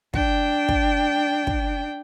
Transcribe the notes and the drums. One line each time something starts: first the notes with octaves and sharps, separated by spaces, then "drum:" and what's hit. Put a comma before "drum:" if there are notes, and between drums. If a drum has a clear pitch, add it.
D4 G5, drum: kick
drum: kick
drum: kick